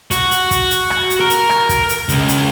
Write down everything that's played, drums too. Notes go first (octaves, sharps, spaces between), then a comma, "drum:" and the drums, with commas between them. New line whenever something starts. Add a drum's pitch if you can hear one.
F#4, drum: kick, hi-hat
drum: hi-hat
drum: kick, hi-hat
drum: hi-hat
drum: rim click
drum: hi-hat
A#4
drum: hi-hat
drum: rim click
drum: kick, hi-hat
drum: hi-hat
C#2, drum: kick, hi-hat
drum: hi-hat